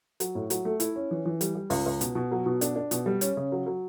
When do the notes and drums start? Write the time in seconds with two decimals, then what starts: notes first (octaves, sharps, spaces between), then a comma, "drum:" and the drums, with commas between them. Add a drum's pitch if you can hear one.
0.20 F#3, drum: hi-hat
0.35 A2
0.50 F#3, drum: hi-hat
0.65 A3
0.80 E4, drum: hi-hat
0.96 C#4
1.11 E3
1.26 E3
1.41 G3, drum: hi-hat
1.55 G3
1.70 C#2, drum: open hi-hat
1.86 C#2
2.01 B2, drum: hi-hat
2.15 B2
2.32 F#3
2.46 B2
2.61 D4, drum: hi-hat
2.76 D4
2.91 B2, drum: hi-hat
3.06 G3
3.21 C#4, drum: hi-hat
3.37 C#3
3.52 F#3
3.66 F#3